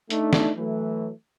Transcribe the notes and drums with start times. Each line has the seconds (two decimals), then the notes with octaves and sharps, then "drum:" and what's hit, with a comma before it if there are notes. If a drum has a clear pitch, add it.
0.10 A3 D4 D#4, drum: hi-hat
0.33 drum: snare
0.57 E3 F#3 A3